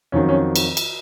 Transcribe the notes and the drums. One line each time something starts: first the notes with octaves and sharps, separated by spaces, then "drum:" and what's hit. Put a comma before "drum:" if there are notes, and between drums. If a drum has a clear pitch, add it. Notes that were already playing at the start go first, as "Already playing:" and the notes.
F2 D#3 F#3 C#4
C#4
drum: cymbal
drum: cymbal